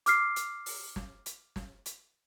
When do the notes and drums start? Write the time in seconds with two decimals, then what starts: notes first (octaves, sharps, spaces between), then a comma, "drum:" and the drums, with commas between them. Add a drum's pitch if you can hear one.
0.06 D6 F6 C7, drum: hi-hat
0.36 drum: hi-hat
0.66 drum: open hi-hat
0.96 drum: snare
1.26 drum: hi-hat
1.56 drum: snare
1.86 drum: hi-hat